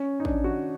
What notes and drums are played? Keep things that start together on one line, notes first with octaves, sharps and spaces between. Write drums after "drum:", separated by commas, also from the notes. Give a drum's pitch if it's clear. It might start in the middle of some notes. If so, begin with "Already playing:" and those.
Already playing: C#4
D#4
D4, drum: kick A1
F#4